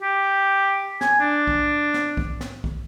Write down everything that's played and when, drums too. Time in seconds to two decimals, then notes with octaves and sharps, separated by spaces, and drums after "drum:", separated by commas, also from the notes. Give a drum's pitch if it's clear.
0.02 G4
1.01 G#5, drum: snare
1.20 D4
1.47 drum: kick B1
1.94 drum: snare
2.17 drum: kick B1
2.41 drum: snare
2.64 drum: kick B1